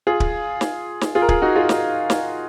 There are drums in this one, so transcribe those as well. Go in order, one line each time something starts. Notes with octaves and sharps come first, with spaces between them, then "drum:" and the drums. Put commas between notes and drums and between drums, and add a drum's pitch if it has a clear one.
F4 G#4
drum: kick
drum: snare
drum: snare
F4 G#4
A#4
F4 G#4, drum: kick
D#4 F#4
F4 G#4
drum: snare
drum: snare